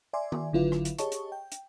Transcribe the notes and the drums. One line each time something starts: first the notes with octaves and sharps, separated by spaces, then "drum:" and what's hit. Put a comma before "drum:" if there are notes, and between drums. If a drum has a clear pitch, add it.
D5 E5 G#5 C6 D6
drum: tom
G#1 D3 F#3 E4 F4 B4
drum: rim click
drum: hi-hat
G4 G#4 C#5 D#5 A5 C#6, drum: hi-hat
drum: hi-hat
G5
drum: hi-hat